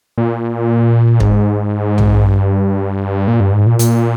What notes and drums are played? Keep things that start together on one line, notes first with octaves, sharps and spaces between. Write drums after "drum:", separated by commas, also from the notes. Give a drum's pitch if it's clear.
A#2
G#2, drum: kick
drum: tom A#1
G2
A#2
G2
G#2
A#2
A#2, drum: hi-hat